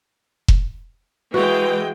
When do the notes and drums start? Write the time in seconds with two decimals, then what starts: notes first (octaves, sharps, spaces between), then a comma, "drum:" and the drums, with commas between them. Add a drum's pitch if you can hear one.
0.48 drum: kick F1
1.34 E3 G#3 F#4 B4 G5